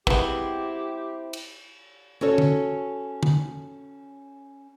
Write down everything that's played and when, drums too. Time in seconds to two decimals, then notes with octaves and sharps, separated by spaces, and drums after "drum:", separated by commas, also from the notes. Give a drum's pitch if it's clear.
0.07 G#3 B3 C4 E4 G4, drum: kick
1.33 drum: cymbal
2.21 C#4 F#4 A4 C#5
2.38 drum: tom D3
3.23 drum: tom D3